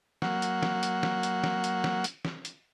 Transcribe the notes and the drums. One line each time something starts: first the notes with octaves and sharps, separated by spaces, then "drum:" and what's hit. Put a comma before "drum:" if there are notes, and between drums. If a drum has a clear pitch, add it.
F#3 A#3 F#5, drum: snare
drum: hi-hat
drum: snare
drum: hi-hat
drum: snare
drum: hi-hat
drum: snare
drum: hi-hat
drum: snare
drum: hi-hat
drum: snare
drum: hi-hat